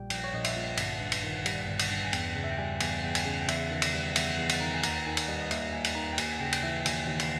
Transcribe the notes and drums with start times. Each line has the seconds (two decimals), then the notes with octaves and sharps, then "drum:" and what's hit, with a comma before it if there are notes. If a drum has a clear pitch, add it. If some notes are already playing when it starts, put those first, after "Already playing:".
Already playing: A#1 A#2 G3 G5
0.10 A#1 G5, drum: cymbal
0.24 C#5
0.33 A#1 D#5
0.44 E5, drum: cymbal
0.56 A#2
0.77 G1, drum: cymbal
1.01 G2
1.12 drum: cymbal
1.23 D#3
1.46 G3, drum: cymbal
1.67 G1
1.79 drum: cymbal
1.90 G2
2.05 G#5
2.13 E2 G5, drum: cymbal
2.35 C#3
2.44 E5
2.51 G5
2.58 G3 G#5
2.80 E2 G#5, drum: cymbal
3.03 E2 G5
3.15 G#5, drum: cymbal
3.25 C#3
3.41 G5
3.48 E2 E5, drum: cymbal
3.70 D#3
3.82 drum: cymbal
3.93 G3
4.16 E2 E5, drum: cymbal
4.38 E2
4.49 drum: cymbal
4.60 D#3 A#5
4.74 G#5
4.83 D#2 A#5, drum: cymbal
5.06 D#3 G#5
5.17 drum: cymbal
5.28 G3 D#5
5.42 D#5
5.51 D#2 E5, drum: cymbal
5.73 D#2 G#5
5.84 drum: cymbal
5.95 D#3 A#5
6.13 G5
6.18 D#2 G#5, drum: cymbal
6.31 G#5
6.40 C#3 G5
6.53 G5, drum: cymbal
6.63 E3 E5
6.86 D#2 G#5, drum: cymbal
7.08 D#2
7.19 drum: cymbal